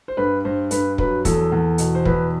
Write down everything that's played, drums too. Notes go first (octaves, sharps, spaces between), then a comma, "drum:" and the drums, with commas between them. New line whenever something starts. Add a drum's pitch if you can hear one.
C5
G2 B4
G2 C5
G2 B4, drum: hi-hat
F#3 B4, drum: kick
E2 A4, drum: kick, hi-hat
E2
B2, drum: hi-hat
C5
E2 B4, drum: kick